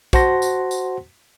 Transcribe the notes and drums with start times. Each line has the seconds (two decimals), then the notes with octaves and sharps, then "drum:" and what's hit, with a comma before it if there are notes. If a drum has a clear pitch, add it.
0.13 F#4 C5 F#5 A5 C6 A#6, drum: kick, tambourine
0.42 drum: tambourine
0.71 drum: tambourine